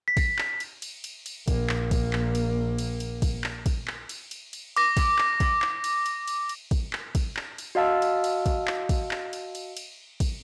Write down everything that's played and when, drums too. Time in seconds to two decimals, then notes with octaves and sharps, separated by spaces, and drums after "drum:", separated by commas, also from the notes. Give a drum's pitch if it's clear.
0.08 B6
0.17 drum: kick, cymbal
0.39 drum: clap
0.60 drum: cymbal
0.82 drum: cymbal
1.04 drum: cymbal
1.26 drum: cymbal
1.48 A#1 A#3, drum: kick, cymbal
1.69 drum: clap
1.91 drum: kick, cymbal
2.13 drum: clap
2.35 drum: cymbal
2.78 drum: cymbal
3.00 drum: cymbal
3.22 drum: kick, cymbal
3.44 drum: clap
3.66 drum: kick, cymbal
3.88 drum: clap
4.09 drum: cymbal
4.31 drum: cymbal
4.53 drum: cymbal
4.77 D6 A#6, drum: cymbal
4.97 drum: kick, cymbal
5.18 drum: clap
5.40 drum: kick, cymbal
5.62 drum: clap
5.84 drum: cymbal
6.06 drum: cymbal
6.28 drum: cymbal
6.49 drum: cymbal
6.71 drum: kick, cymbal
6.93 drum: clap
7.15 drum: kick, cymbal
7.37 drum: clap
7.58 drum: cymbal
7.75 F#4 D#5 F5 A5 E6
8.02 drum: cymbal
8.24 drum: cymbal
8.46 drum: kick, cymbal
8.68 drum: clap
8.89 drum: kick, cymbal
9.11 drum: clap
9.33 drum: cymbal
9.55 drum: cymbal
9.77 drum: cymbal
10.20 drum: kick, cymbal